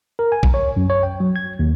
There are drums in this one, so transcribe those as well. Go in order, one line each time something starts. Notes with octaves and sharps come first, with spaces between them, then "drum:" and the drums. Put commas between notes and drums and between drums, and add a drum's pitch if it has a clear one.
A#4
G#5
drum: kick A#1
C#5
F#2
C#5
G5
F#3
G#6
D#2